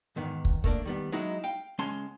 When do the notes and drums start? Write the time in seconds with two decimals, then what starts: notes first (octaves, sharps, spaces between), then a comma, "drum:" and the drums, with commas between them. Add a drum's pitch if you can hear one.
0.16 E2 G#2 D#3 B3
0.45 drum: kick
0.64 A3 A#3 D4, drum: kick
0.85 D#3 G3 B3
1.12 F#3 G#3 D#4 E4 F#4
1.44 F5 G5
1.79 C#2 G#3 C#4 G#5 A5 C6